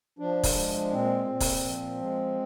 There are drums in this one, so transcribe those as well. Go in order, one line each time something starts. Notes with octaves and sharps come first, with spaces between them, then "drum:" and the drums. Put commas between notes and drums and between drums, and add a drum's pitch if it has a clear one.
F3 D4
drum: kick, open hi-hat
G#3
A#2 C4
A#2
drum: kick, open hi-hat
F3
G#3